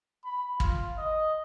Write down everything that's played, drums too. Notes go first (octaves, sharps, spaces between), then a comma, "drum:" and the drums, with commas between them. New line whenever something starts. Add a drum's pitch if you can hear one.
B5
F4, drum: kick
D#5